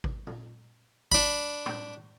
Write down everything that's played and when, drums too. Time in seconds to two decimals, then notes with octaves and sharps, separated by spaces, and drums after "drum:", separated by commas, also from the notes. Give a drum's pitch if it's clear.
0.04 drum: kick G#1
0.27 drum: tom A#2
1.12 D4 B5, drum: kick G#1
1.66 drum: tom